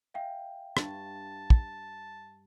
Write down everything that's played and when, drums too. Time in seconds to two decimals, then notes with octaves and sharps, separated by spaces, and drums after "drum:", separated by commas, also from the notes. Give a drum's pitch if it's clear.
0.14 E5 F5 G5
0.77 G2 A5, drum: rim click
1.50 drum: kick